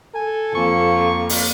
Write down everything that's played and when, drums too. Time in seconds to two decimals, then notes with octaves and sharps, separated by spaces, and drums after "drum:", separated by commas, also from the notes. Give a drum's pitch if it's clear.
0.15 A4 G#5
0.55 F2 F3 A#3 C#6
1.29 drum: open hi-hat